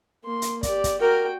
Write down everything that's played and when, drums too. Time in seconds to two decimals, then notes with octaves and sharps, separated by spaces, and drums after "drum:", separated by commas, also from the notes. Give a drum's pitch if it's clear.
0.24 A#3 C6
0.42 drum: hi-hat
0.63 G4 D5, drum: kick, hi-hat
0.84 drum: kick, hi-hat
1.01 F#4 A#4 G5